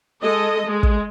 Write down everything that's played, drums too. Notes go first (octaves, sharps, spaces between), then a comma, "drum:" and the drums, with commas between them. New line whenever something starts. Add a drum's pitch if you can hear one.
G#3 A4 D#5
G#3
drum: kick